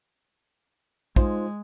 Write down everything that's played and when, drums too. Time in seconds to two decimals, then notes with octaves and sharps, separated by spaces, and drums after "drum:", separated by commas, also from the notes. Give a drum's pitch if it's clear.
1.16 G#3 D#4 F4 C5, drum: kick